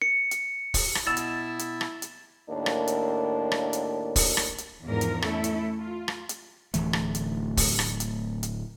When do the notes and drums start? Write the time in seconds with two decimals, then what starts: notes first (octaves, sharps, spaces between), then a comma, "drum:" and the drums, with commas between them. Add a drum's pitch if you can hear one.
0.02 C#7
0.31 drum: hi-hat
0.74 drum: kick, open hi-hat
0.95 drum: rim click
1.07 B2 E4 D#5 E6 A6 E7
1.17 drum: hi-hat
1.59 drum: hi-hat
1.81 drum: rim click
2.02 drum: hi-hat
2.50 D#2 A2 A#3 D4
2.66 drum: rim click
2.87 drum: hi-hat
3.52 drum: rim click
3.73 drum: hi-hat
4.16 drum: kick, open hi-hat
4.37 drum: rim click
4.58 drum: hi-hat
4.85 E2 G#2 D3 F3 A#4
5.01 drum: hi-hat
5.22 A3 C#4 E4 A4, drum: rim click
5.44 drum: hi-hat
5.79 F4
6.08 drum: rim click
6.29 drum: hi-hat
6.74 D1 D2 E3 A3, drum: hi-hat
6.93 drum: rim click
7.15 drum: hi-hat
7.57 drum: kick, open hi-hat
7.79 drum: rim click
8.00 drum: hi-hat
8.43 drum: hi-hat